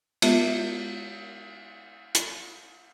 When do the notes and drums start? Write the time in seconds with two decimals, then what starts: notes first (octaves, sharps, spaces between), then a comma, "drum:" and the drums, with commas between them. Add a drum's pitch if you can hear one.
0.22 G#3 B3 F4 E5, drum: cymbal
2.15 drum: hi-hat